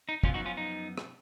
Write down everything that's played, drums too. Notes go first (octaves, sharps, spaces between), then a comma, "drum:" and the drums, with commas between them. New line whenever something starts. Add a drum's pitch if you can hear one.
D#4
F#2 F3 B3 C#4 F4, drum: kick
D#4 F#4
C#4 F4
D#4
drum: rim click